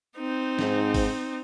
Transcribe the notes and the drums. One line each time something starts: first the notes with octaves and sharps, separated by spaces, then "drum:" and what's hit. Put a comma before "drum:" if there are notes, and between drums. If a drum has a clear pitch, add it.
C4 D#4
G#2, drum: snare
drum: kick, open hi-hat